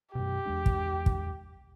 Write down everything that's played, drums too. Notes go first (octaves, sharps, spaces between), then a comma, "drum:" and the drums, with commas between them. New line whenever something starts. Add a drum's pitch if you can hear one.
F#2 B2 G4
E2 G#3 D4
drum: kick
drum: kick